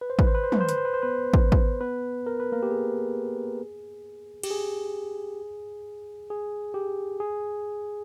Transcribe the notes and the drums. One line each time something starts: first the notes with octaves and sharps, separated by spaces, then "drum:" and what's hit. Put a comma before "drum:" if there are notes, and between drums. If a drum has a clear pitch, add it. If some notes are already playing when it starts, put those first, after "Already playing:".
B4
C5
B4, drum: kick
C5
B4
C5
B4, drum: tom
C5
B4, drum: hi-hat
C5
B4
C5
B3 B4
drum: kick
drum: kick
B3 B4
A#4
B4
A#3 A#4
G4
G#4
G4, drum: cymbal
G#4
G#4
G4
G#4